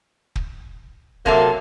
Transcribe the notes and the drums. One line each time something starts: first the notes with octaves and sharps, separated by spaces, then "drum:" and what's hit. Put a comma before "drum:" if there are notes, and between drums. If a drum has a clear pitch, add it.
drum: kick
C3 F#3 A#3 A4 E5, drum: kick